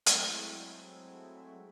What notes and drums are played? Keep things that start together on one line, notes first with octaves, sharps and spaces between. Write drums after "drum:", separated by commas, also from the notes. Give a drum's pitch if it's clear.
F#3 G#3 A3 C4 E4, drum: hi-hat